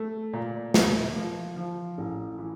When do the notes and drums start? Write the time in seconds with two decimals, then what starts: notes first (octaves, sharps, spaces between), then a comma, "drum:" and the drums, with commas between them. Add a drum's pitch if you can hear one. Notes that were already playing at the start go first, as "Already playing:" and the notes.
Already playing: A3
0.33 A#2
0.74 A#3, drum: snare
1.15 F3
1.57 F3
1.98 A1
2.38 E3